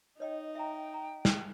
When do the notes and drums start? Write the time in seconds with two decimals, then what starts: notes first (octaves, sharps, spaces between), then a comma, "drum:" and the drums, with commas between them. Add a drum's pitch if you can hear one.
0.20 D#4 C#5 D#5 G5
0.55 E5 G5 A#5
0.94 A#5
1.25 drum: snare